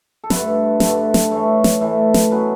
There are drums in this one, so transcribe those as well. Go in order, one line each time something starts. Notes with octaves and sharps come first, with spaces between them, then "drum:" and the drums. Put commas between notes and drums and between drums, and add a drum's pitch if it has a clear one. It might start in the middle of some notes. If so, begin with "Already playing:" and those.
A4
G2 D3 A3 B4, drum: snare
G2 D3 A3, drum: snare
drum: snare
A2 E3 A3 C#5
drum: snare
A2 E3 A3
drum: snare
B2 F#3 C#4 B4